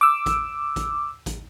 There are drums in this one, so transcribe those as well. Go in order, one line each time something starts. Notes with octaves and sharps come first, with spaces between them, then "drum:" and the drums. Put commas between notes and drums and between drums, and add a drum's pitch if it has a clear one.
D6 E6
drum: kick A1, hi-hat
drum: kick A1, hi-hat
drum: kick A1, hi-hat